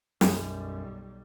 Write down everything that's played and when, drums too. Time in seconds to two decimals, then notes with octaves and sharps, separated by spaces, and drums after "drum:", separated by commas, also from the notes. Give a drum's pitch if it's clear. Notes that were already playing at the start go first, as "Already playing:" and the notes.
0.21 B1 F#2 G3, drum: snare